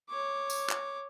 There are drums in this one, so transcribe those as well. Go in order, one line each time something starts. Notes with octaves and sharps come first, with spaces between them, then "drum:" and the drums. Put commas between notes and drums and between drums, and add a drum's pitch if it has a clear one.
C#5 D6
drum: tambourine
drum: clap